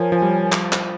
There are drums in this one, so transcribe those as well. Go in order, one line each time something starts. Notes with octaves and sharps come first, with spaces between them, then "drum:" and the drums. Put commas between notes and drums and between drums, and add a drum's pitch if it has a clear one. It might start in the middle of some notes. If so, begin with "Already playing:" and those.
Already playing: F3 A#4 C#5 G#5
F3
G3
drum: clap
drum: clap